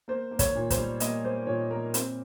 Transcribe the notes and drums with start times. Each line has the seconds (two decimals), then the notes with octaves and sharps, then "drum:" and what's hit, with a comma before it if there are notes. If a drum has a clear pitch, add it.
0.08 A#3 C5
0.31 A#3
0.39 C#5, drum: kick, hi-hat
0.55 A#2
0.70 C5, drum: kick, hi-hat
0.78 G3
1.00 A#3 D#5, drum: hi-hat
1.24 G3 C5
1.47 A#2 C#5
1.71 A#3 A#4
1.94 C4, drum: hi-hat